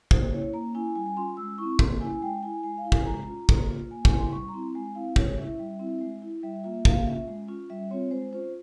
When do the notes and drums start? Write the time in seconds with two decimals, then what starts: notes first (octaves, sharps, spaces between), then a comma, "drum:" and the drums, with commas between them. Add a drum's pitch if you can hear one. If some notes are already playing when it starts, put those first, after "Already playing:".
0.11 A#3 C5, drum: kick
0.32 C#4 E4 C#5
0.53 A#3 A#5
0.74 C#4 E4 G#5
0.95 G3 G#5
1.06 G#5
1.16 C#4 F4 C6
1.37 G#3 E6
1.58 C4 E4 C#6
1.79 A#3 C6, drum: kick
2.00 C#4 E4 G#5
2.12 G#5
2.22 G#3 G5
2.43 E4 G#5
2.63 G#3 G#5
2.78 F5
2.85 E4
2.92 G#5, drum: kick
3.06 G#3 A#5
3.27 C#4 F4
3.49 A#3, drum: kick
3.69 F4
3.91 A#3 G#5
4.05 G#5, drum: kick
4.11 C#4 E4
4.18 C6
4.32 G3 C#6
4.48 A#5
4.53 C4 E4 C6
4.75 G#3 G#5
4.95 C4 E4 F5
5.16 G#3 C#5, drum: kick
5.38 C#4 E4 E5
5.59 G3
5.80 C4 E4
6.01 G#3
6.22 E4
6.43 G3 E5
6.64 A#3 F4 E5
6.85 A#3 F5, drum: kick
7.06 C#4 F4 E5
7.27 G#3
7.48 C#4 F4
7.70 G3 E5
7.91 C4 F4 C#5
8.11 G#3 C5
8.33 C#4 F4 C5